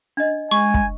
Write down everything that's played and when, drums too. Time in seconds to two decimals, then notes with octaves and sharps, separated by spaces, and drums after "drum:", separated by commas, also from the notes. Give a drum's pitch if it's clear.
0.17 D4 D#5
0.51 G#3 G#5 C#6
0.74 drum: kick